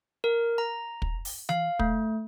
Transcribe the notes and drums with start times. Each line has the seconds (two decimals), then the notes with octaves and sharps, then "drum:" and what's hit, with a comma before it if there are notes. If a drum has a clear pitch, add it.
0.24 A#4
0.58 A#5
1.02 drum: kick
1.25 drum: open hi-hat
1.49 F5, drum: tom E3
1.79 A3, drum: kick